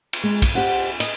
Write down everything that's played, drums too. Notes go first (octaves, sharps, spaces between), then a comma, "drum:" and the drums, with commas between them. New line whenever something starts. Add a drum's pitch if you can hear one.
drum: cymbal
G#3
drum: kick, cymbal
G4 C5 F#5
D#5, drum: cymbal